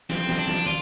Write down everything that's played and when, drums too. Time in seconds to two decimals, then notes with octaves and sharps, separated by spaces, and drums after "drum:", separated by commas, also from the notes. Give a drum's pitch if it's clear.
0.10 C4, drum: snare
0.29 drum: snare
0.39 D4
0.48 drum: snare
0.66 F4, drum: tom